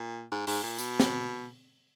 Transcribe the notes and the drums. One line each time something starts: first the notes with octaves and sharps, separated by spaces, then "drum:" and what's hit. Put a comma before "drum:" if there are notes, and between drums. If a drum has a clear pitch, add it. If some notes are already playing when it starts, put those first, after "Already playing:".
Already playing: A#2
G#2
G#2, drum: open hi-hat
A#2
B2, drum: tambourine
drum: snare